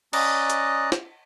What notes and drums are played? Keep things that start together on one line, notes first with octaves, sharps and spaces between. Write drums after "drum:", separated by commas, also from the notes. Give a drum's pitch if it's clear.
C#4 D5 D#5 A#5 D#6 F#6, drum: cymbal
drum: hi-hat
drum: snare